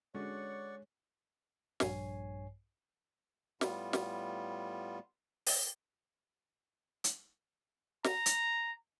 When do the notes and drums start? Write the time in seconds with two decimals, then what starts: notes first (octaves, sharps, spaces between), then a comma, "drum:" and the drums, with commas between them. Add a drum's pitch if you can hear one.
0.15 D3 G#3 C#4 F#4 C#5 D5 F#5 C#6
1.80 A#1 G2 C#5 G#5 C7, drum: snare
3.61 A2 G3 B3 F4, drum: snare
3.93 drum: snare
5.46 drum: open hi-hat
7.04 drum: hi-hat
8.04 A#5, drum: snare
8.26 drum: hi-hat